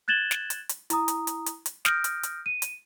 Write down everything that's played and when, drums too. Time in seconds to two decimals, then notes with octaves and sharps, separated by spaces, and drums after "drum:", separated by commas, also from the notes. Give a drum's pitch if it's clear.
0.08 F#6 G#6 A6 E7 F#7 G7
0.31 drum: snare
0.50 drum: hi-hat
0.69 drum: hi-hat
0.90 E4 A#5 D#6, drum: hi-hat
1.08 drum: hi-hat
1.27 drum: hi-hat
1.46 drum: hi-hat
1.66 drum: hi-hat
1.85 D#6 F6 G6 A#6 D7, drum: snare
2.04 drum: hi-hat
2.23 drum: hi-hat
2.46 D#7
2.62 drum: hi-hat